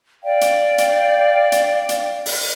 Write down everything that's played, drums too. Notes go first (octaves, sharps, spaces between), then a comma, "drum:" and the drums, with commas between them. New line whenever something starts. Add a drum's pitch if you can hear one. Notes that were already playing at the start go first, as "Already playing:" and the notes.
D5 F5 G5
drum: hi-hat
drum: hi-hat
drum: hi-hat
drum: hi-hat
drum: open hi-hat